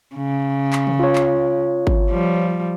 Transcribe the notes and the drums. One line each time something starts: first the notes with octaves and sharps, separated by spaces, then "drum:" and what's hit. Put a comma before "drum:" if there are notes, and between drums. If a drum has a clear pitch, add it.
C#3
drum: clap
drum: tom
F4 C#5
drum: clap
drum: kick G#1
F3 G3